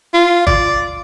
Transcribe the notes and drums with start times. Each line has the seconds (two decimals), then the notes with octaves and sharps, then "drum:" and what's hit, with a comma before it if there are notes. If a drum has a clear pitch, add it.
0.14 F4
0.47 D5, drum: kick